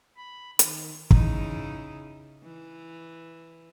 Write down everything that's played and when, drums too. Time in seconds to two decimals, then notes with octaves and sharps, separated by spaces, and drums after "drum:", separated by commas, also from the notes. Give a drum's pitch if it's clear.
0.17 B5
0.59 D#3, drum: hi-hat
1.11 C#3 D#4 E4, drum: kick
2.43 E3